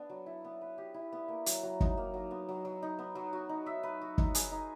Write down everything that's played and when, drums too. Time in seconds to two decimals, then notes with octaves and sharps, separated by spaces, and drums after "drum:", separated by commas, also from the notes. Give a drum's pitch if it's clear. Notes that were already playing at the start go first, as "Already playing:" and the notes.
Already playing: B3 D4
0.09 F#3
0.26 E4
0.44 B3
0.61 B4
0.78 G4
0.94 E4
1.12 B3
1.28 A#3
1.46 F#3, drum: hi-hat
1.63 F#3
1.81 D#4, drum: kick G1
1.97 A#3
2.14 F#3
2.31 B3
2.49 F#3
2.65 F#3
2.83 D#4
2.99 B3
3.15 F#3
3.33 F#4
3.49 D#4
3.66 E5
3.83 B4
4.01 F#4
4.18 D#4, drum: kick G1
4.35 G#4, drum: hi-hat
4.51 D#4